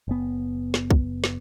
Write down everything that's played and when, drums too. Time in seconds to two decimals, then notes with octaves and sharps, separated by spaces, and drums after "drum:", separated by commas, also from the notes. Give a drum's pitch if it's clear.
0.08 F#1 B3
0.74 drum: snare
0.90 drum: kick
1.24 drum: snare